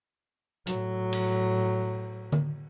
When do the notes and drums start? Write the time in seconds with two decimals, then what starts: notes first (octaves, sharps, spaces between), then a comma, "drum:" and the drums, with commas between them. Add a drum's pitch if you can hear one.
0.67 A2 F#3, drum: hi-hat
1.13 drum: cymbal
2.32 drum: tom D3